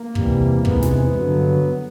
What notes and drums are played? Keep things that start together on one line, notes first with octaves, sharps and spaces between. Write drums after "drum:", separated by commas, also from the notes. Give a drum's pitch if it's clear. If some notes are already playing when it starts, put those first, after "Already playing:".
Already playing: A#3
E2 C3 E3 G3, drum: kick
E2 C3 E3 G#3 B3, drum: kick
drum: snare
G2 D3 F#3